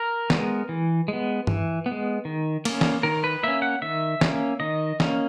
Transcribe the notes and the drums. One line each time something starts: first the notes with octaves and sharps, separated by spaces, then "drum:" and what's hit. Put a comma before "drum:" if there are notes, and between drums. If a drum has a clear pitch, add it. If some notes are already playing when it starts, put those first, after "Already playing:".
Already playing: A#4
G#3 B3, drum: snare
E3
G#3 B3
E3, drum: tom G2
B3
G#3
D#3
A#3 C#4, drum: cymbal
drum: snare
D#3 A#4
B4
A#3 C#4 E5
F#5
D#3 E5
A#3 C#4, drum: snare
D#3 D#5
A#3 C#4, drum: snare